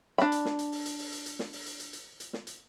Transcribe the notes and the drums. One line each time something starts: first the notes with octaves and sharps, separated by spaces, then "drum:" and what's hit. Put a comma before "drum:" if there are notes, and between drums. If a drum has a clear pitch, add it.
D4 B5, drum: snare
drum: hi-hat
drum: snare
drum: hi-hat
drum: open hi-hat
drum: hi-hat
drum: open hi-hat
drum: hi-hat
drum: hi-hat
drum: snare
drum: open hi-hat
drum: hi-hat
drum: hi-hat
drum: hi-hat
drum: hi-hat
drum: snare
drum: hi-hat